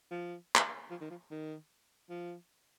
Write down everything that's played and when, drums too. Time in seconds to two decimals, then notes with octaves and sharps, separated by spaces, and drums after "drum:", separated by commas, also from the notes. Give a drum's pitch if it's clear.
0.11 F3
0.55 drum: clap
0.90 F3
1.01 D#3
1.10 F3
1.31 D#3
2.10 F3